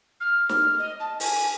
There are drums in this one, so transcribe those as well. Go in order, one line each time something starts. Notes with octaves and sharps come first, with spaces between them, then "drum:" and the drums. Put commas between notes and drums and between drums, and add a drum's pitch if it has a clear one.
F6
drum: snare
D#5
A5
G#5, drum: open hi-hat